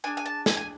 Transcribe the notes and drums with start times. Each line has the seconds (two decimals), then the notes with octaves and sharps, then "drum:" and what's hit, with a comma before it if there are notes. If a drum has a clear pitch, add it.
0.04 D4 G#4 G#5
0.17 G#5
0.26 A5
0.46 G#5, drum: snare
0.57 G#5